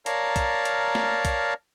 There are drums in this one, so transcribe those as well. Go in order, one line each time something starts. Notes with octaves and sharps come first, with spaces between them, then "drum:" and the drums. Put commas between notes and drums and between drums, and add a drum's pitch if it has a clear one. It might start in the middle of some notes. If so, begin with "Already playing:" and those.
A#4 C#5 D5 F5 A5 A#5, drum: hi-hat
drum: kick, hi-hat
drum: hi-hat
drum: snare
drum: kick, hi-hat